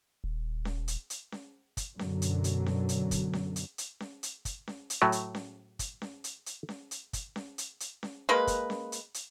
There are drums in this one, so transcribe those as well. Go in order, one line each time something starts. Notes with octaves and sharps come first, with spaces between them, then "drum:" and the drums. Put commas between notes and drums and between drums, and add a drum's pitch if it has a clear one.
D#1
drum: snare C#4
drum: hi-hat
drum: hi-hat
drum: snare C#4
drum: kick, hi-hat
F#2 B2 D3 F#3, drum: snare C#4
drum: hi-hat
drum: hi-hat
drum: snare C#4
drum: hi-hat
drum: kick, hi-hat
drum: snare C#4
drum: hi-hat
drum: hi-hat
drum: snare C#4
drum: hi-hat
drum: kick, hi-hat
drum: snare C#4
drum: hi-hat
A2 F#3 A3
drum: hi-hat
drum: snare C#4
drum: kick, hi-hat
drum: snare C#4
drum: hi-hat
drum: hi-hat
drum: snare C#4
drum: hi-hat
drum: kick, hi-hat
drum: snare C#4
drum: hi-hat
drum: hi-hat
drum: snare C#4
G#3 A#3 B4
drum: kick, hi-hat
drum: snare C#4
drum: hi-hat
drum: hi-hat